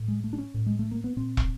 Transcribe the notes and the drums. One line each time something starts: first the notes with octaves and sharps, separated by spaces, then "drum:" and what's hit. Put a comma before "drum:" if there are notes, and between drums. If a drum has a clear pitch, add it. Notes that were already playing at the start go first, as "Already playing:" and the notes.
Already playing: A2
G#3
A3
D4
C#4
A2
G#3
A3
A#3
B3
A#2 C4
drum: kick